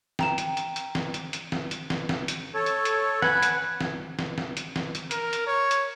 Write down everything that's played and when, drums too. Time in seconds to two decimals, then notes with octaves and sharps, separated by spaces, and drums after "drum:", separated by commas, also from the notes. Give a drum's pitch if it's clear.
0.19 G5 A#5 E7, drum: snare
0.38 drum: hi-hat
0.57 drum: hi-hat
0.76 drum: hi-hat
0.95 drum: snare
1.14 drum: hi-hat
1.33 drum: hi-hat
1.52 drum: snare
1.71 drum: hi-hat
1.90 drum: snare
2.09 drum: snare
2.28 drum: hi-hat
2.54 A4 C#5
2.66 drum: hi-hat
2.85 drum: hi-hat
3.22 B4 F#5 G#5, drum: snare
3.42 drum: hi-hat
3.81 drum: snare
4.19 drum: snare
4.38 drum: snare
4.57 drum: hi-hat
4.76 drum: snare
4.95 drum: hi-hat
5.11 A#4, drum: hi-hat
5.33 drum: hi-hat
5.47 C#5
5.71 drum: hi-hat